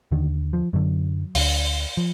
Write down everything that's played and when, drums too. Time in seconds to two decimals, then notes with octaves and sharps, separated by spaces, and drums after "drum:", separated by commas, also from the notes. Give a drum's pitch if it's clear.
0.11 D#2 D3 D#3
0.53 F3
0.73 F#2 D3 F#3
1.35 D2 D3, drum: open hi-hat
1.97 F3